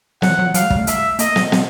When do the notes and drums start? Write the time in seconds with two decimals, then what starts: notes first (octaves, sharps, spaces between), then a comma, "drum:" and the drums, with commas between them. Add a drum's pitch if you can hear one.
0.22 F#3 F#5, drum: snare
0.30 E3
0.39 F#3
0.46 F3
0.54 F#3 F5, drum: hi-hat
0.62 G#3
0.70 G3, drum: kick
0.78 A3
0.87 E5, drum: hi-hat
1.19 A#3 D#5, drum: hi-hat
1.36 drum: snare
1.52 C4, drum: snare